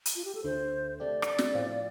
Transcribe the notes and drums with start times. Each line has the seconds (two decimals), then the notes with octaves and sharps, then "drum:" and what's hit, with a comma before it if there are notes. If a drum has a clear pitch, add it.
0.05 drum: hi-hat
0.16 F4
0.25 G4
0.35 A4
0.44 D2 D3 A3 C5
1.00 C3 A3 D4 G4 D5
1.22 drum: rim click
1.38 drum: snare
1.54 A2 F3 C4 F4